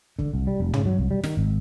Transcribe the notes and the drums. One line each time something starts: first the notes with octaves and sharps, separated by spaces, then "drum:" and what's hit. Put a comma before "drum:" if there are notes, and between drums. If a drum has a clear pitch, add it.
D3, drum: kick
C2
G3
F1
C#3, drum: tom
F#3
C2
G3
D#3, drum: snare
G#1